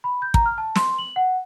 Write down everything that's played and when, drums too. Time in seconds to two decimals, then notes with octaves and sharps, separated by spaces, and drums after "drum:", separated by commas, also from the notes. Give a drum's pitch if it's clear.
0.04 B5
0.22 G6
0.34 A#5, drum: kick
0.46 F6
0.58 A5
0.76 C6, drum: snare
0.98 F#7
1.16 F#5